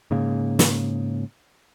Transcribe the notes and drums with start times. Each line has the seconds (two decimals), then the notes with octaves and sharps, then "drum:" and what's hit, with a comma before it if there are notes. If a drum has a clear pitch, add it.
0.11 G#2 C#3 A#3
0.59 drum: snare